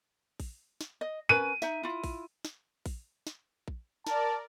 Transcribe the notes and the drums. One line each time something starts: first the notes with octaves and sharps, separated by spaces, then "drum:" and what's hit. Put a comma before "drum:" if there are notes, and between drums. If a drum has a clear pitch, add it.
drum: kick A#1, open hi-hat
drum: snare
D#5
C#4 A#4 B4 D#7
D#4 E5, drum: snare
E4 F4
drum: kick A#1, open hi-hat
drum: snare
drum: kick A#1, open hi-hat
drum: snare
drum: kick A#1
A#4 D5 A5, drum: snare